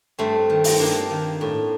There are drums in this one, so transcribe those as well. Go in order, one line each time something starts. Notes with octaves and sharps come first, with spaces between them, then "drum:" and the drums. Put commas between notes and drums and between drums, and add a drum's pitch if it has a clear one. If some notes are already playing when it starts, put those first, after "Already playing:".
G2 A3 C4
D#3
drum: open hi-hat
G2 A#3 D4
D#3
A2